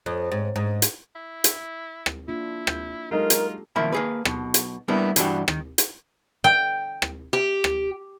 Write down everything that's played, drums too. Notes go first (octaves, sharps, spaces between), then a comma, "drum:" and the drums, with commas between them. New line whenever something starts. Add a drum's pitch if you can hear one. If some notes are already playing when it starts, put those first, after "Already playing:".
F2
G#2
G#2
drum: hi-hat
E4
drum: hi-hat
drum: rim click
A#3 D4 E4 F4
G6, drum: rim click
F#3 G#3 D#4 F4 G4 A4 A#4
drum: hi-hat
B1 D#3 F3 A#3 E5 B5
A#3 G#4 B4
B1 B2, drum: rim click
drum: hi-hat
G3 A#3 B3 D4 E4
G2 E3 G3 D4 F#4 G4, drum: hi-hat
D#3, drum: rim click
drum: hi-hat
G5
drum: rim click
G4
drum: rim click